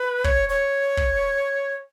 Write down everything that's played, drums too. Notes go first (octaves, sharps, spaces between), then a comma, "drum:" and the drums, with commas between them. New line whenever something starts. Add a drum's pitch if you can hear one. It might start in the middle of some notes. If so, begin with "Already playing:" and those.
Already playing: B4
C#5, drum: kick
C#5
drum: kick